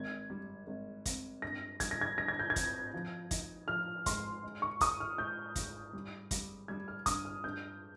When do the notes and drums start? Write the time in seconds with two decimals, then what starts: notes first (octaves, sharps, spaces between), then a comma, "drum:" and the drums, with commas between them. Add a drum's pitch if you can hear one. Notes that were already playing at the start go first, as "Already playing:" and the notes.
Already playing: G#1 G#6
0.30 G3
0.67 G#1
1.06 C4, drum: kick, hi-hat
1.42 G2 A#6
1.80 G3 G#6, drum: kick, hi-hat
1.91 A#6
2.01 G#6
2.17 G2 A#6
2.28 G#6
2.39 G6
2.50 G#6
2.56 C4, drum: kick, hi-hat
2.94 F3
3.31 D#4, drum: kick, hi-hat
3.68 F3 F6
4.06 G#2 C6, drum: kick, hi-hat
4.44 G#3
4.62 C#6
4.81 G#3 D#6, drum: kick, hi-hat
5.00 F6
5.18 G#3 G6
5.56 G#2, drum: kick, hi-hat
5.93 G3
6.31 G3, drum: kick, hi-hat
6.68 G3 G#6
6.88 F6
7.06 G2 D#6, drum: kick, hi-hat
7.25 F6
7.44 G2 G6